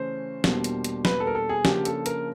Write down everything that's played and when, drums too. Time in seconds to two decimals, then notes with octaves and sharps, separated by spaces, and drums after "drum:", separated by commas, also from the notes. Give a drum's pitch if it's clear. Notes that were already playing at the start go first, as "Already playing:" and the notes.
Already playing: C#3 E3 A3 C#4 C5
0.44 E2 B2 G3 A#3 D4, drum: snare
0.64 drum: hi-hat
0.84 drum: hi-hat
1.05 B4, drum: snare
1.20 A4
1.27 A#4
1.35 A4
1.49 G#4
1.65 C#3 F3 A#3 D4 G4, drum: snare
1.85 A4, drum: hi-hat
2.06 A#4, drum: hi-hat